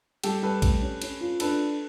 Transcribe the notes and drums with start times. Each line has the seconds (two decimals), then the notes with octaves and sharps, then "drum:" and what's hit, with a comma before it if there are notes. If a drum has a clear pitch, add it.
0.24 G3 G4 A4, drum: cymbal
0.43 G3 A4 B4
0.62 A3, drum: kick, cymbal
0.82 C#4
1.02 C#4, drum: cymbal
1.21 F4
1.40 D4 A4 B4, drum: cymbal